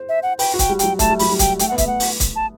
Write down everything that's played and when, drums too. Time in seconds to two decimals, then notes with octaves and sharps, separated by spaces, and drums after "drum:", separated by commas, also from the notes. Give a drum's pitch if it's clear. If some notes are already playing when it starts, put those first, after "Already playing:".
Already playing: C5
0.09 E5
0.23 F#5
0.39 B4 G5, drum: open hi-hat
0.54 F#4
0.59 G5, drum: kick C#1, hi-hat
0.69 G3
0.79 F#3 G5, drum: hi-hat
0.99 A3 A5, drum: kick C#1, hi-hat
1.10 G3
1.19 F#3 B5, drum: open hi-hat
1.31 G3
1.39 G5, drum: kick C#1, hi-hat
1.59 A3 G5, drum: hi-hat
1.69 B3 F#5
1.78 E5, drum: kick C#1, hi-hat
1.83 A3 F#5
2.00 drum: open hi-hat
2.20 drum: kick C#1, hi-hat
2.36 A5